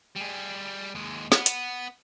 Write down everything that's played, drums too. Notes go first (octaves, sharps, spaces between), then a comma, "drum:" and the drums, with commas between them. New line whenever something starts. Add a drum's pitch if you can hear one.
G3 G#4
D#2 G#3
B3, drum: snare
drum: hi-hat